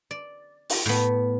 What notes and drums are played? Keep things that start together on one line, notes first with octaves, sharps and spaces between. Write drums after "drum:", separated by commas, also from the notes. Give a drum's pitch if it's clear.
D5
drum: open hi-hat
A2 B3